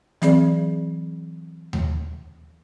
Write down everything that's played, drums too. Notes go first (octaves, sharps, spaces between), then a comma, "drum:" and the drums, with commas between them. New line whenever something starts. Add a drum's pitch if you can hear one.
E3 F#3 C4 G#4 D5, drum: snare
drum: tom D#2